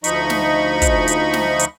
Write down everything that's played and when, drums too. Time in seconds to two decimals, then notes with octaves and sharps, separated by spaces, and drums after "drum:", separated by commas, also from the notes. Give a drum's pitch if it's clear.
0.04 D2 F3 D#4 D#5 B5 C#6, drum: hi-hat
0.30 drum: snare
0.82 drum: kick, hi-hat
1.08 drum: hi-hat
1.33 drum: snare
1.59 drum: hi-hat